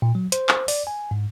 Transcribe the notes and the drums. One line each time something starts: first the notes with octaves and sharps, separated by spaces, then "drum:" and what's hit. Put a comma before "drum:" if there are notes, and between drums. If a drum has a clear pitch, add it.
A#2
F#3
C5, drum: hi-hat
drum: clap
D5, drum: open hi-hat
G#5
G#2